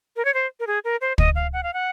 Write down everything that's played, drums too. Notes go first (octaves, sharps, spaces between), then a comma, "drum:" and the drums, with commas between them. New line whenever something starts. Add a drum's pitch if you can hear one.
A#4
C#5
C5
A#4
G#4
A#4
C5
D#5, drum: kick
F5
F#5
F5
F#5